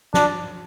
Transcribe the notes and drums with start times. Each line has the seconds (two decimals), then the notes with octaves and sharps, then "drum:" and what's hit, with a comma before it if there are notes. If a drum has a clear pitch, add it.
0.14 D4, drum: snare